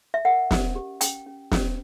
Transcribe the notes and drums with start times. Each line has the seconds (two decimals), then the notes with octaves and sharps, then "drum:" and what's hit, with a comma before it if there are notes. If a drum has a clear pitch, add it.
0.14 E5
0.25 A#4 F#5
0.51 C#4, drum: snare
0.75 G4
1.01 C#4 G5, drum: hi-hat
1.26 C#4
1.52 C#4, drum: snare